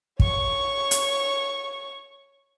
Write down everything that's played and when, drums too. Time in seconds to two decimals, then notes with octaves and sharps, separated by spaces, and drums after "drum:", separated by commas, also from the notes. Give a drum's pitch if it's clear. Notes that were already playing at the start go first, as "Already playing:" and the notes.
0.20 C#5 C#6, drum: kick
0.91 drum: hi-hat